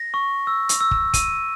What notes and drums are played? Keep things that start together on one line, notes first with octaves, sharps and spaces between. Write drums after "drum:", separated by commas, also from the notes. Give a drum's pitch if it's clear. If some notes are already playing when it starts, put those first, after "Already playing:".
Already playing: A#6
C#6
E6
drum: hi-hat
E6
drum: kick
D#7, drum: kick, hi-hat